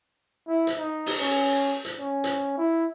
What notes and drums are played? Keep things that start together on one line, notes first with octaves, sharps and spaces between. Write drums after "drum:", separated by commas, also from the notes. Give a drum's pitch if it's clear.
E4
drum: hi-hat
D#4
drum: open hi-hat
C#4
drum: hi-hat
C#4
drum: hi-hat
E4